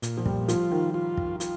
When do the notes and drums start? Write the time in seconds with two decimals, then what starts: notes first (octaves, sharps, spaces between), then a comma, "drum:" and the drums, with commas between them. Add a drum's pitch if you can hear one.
0.02 A#2, drum: hi-hat
0.17 F3
0.26 G3, drum: kick
0.48 F3 F4, drum: hi-hat
0.71 D#3
0.94 F4
1.17 drum: kick
1.40 F4, drum: hi-hat